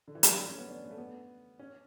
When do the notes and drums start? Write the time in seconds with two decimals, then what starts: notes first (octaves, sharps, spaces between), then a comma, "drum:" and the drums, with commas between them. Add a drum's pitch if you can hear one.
0.08 D3
0.15 E3
0.23 F#3, drum: hi-hat
0.30 G3
0.37 A3
0.48 C#4
0.58 B3
0.68 D4
0.84 B3
0.91 A3
0.98 B3
1.59 C#4